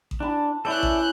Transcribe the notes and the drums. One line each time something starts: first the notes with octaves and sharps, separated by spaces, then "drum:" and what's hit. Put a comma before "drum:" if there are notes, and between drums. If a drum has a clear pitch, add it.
drum: kick A1
D4 A5 B5
C#4 E4 A4 D5 E5 F#6 G6
drum: kick A1